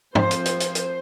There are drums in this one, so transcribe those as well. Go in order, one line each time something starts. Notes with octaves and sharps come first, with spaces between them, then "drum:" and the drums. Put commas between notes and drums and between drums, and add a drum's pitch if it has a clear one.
F3 C4 C5, drum: tom
drum: hi-hat
drum: hi-hat
C5, drum: hi-hat
drum: hi-hat